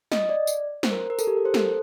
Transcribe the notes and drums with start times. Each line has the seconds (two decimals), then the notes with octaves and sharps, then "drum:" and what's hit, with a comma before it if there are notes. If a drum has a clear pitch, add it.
0.12 D#5, drum: snare
0.29 D5
0.47 drum: tambourine
0.83 C5, drum: snare
0.92 A#4
1.10 A#4
1.19 A4, drum: tambourine
1.27 G4
1.37 A#4
1.45 C5
1.54 A4, drum: snare